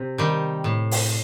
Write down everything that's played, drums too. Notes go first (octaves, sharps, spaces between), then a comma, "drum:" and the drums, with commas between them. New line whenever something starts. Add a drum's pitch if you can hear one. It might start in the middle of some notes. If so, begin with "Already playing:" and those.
Already playing: C3
D#3 G3
A2
drum: open hi-hat